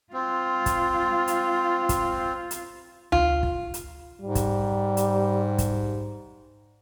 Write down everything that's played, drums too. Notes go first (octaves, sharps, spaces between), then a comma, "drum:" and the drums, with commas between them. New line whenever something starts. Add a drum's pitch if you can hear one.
C4 F4
drum: kick, hi-hat
drum: hi-hat
drum: kick, hi-hat
drum: hi-hat
F4, drum: tom D2
drum: kick
drum: hi-hat
G#2 G3
drum: kick, hi-hat
drum: hi-hat
drum: kick, hi-hat